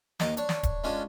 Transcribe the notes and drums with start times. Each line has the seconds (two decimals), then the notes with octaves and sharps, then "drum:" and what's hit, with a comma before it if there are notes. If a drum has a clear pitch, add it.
0.20 D#2 D#5 A#5 D6, drum: snare
0.37 D4 C#5, drum: hi-hat
0.49 drum: snare
0.63 drum: kick D1, hi-hat
0.84 G#3 C#4 D4 F4 G#5